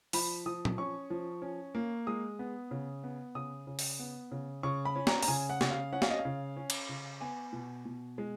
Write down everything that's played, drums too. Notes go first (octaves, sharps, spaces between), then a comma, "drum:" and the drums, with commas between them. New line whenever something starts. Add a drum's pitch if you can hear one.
F3 B5, drum: open hi-hat
F3 D#6
drum: tom
C#4 C#6
F3
C#4
A#3
G#3 D#6
B3
C#3
B3
C#3 D#6
C#3
drum: open hi-hat
B3
C#3
C#3 C#6
B5
C#4
A#5, drum: snare
A#5, drum: open hi-hat
C#3 G#5
F#5
C#3, drum: snare
F5
C#4 F#5
F5, drum: snare
D#5
F5
C#3
C#4
drum: cymbal
C#3
B3 G#5
B2
B2
G#3